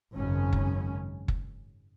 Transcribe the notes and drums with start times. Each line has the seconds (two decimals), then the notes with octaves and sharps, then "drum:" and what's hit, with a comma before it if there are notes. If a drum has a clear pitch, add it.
0.15 G#1 F#2 C#3 C#4
0.53 drum: kick F#1
1.28 drum: kick F#1